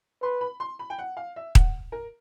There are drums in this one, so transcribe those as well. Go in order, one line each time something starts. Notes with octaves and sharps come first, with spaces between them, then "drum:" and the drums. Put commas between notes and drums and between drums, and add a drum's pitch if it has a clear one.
B4 C6
B5
C6
B5
G5
F#5
F5
E5
F#5, drum: kick D#1
A#4